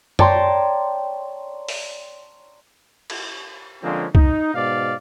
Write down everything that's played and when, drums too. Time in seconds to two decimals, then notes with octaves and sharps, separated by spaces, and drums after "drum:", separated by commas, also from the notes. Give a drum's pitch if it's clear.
0.19 C#5 D5 G5 A5 A#5 C6, drum: tom F#2
1.68 drum: open hi-hat
3.10 drum: cymbal
3.83 D3 F3 G#3 A#3 C4 C#4
4.15 D#4, drum: kick C2
4.54 G#2 B2 D5 F5